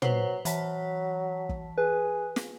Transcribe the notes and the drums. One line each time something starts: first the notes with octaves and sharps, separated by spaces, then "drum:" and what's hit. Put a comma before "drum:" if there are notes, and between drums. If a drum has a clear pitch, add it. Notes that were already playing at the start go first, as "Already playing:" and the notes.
F#3 B4 C5, drum: tom
E3 F#3 A5 B6, drum: hi-hat
drum: kick
G#4 B4
drum: snare